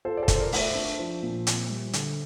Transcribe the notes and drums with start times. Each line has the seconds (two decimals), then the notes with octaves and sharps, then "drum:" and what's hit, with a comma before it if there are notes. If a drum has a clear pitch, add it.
0.05 F4 A4 C5
0.17 D5
0.23 A4 C5
0.28 F4, drum: kick, hi-hat
0.35 C5
0.40 A#4 D5
0.52 A3, drum: open hi-hat
0.58 C5 E5
0.75 D4
0.99 F3
1.23 A#2
1.47 C4, drum: hi-hat
1.70 G3
1.93 D3, drum: hi-hat